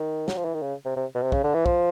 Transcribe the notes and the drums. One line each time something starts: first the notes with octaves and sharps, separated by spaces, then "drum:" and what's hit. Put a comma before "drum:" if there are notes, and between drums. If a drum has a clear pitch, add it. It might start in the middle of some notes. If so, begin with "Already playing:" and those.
Already playing: D#3
F#3, drum: snare
F3
E3
D#3
C#3
C3
C3
B2
C3
C#3, drum: kick
D3
E3
F3, drum: kick